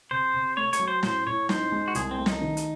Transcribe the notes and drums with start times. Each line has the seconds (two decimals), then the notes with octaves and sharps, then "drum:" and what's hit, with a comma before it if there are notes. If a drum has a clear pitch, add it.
0.11 C3 C5
0.34 C3
0.57 A3 C#5
0.73 C#5, drum: hi-hat
0.79 F#3
0.88 C5
1.03 A2 C5, drum: snare
1.27 A2 C#5
1.49 D#4 C5, drum: snare
1.72 G#3
1.88 F#4
1.95 C2 G#4, drum: hi-hat
2.11 C4
2.18 A3
2.26 D#4, drum: snare
2.41 D#3
2.57 drum: hi-hat